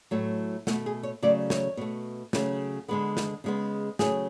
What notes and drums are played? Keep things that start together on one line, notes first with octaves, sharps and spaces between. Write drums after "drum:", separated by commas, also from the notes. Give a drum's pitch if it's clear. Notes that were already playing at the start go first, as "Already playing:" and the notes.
A2 F#3 A3
B2 A3 F#4, drum: snare
G#4
C#5
C#3 F#3 A3 D5
C#5, drum: snare
B2 A3
C#3 F#3 A3, drum: snare
D3 G#3 B3 B4
drum: snare
C#3 G#3 B3
C#3 F#3 A3 G#4, drum: snare